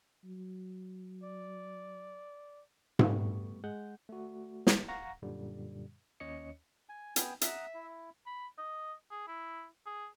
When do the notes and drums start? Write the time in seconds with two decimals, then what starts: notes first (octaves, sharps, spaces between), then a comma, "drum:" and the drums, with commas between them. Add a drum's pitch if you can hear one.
0.24 F#3
1.24 D5
2.99 G3 A3 B3 C#6, drum: tom G#2
3.64 G#3 F#5 G6
4.09 A3 F#4
4.67 drum: snare
4.88 F5 F#5 A#5 C#6 A#6
5.22 F#2 A#2 D3 G3
6.20 D#2 C#4 C#5 D#5 C#7
6.89 G#5
7.16 B3 G5 G#5, drum: hi-hat
7.41 E5 F#5 A#5 D#6, drum: hi-hat
7.74 E4
8.26 B5
8.58 D#5
9.11 G#4
9.28 E4
9.86 G#4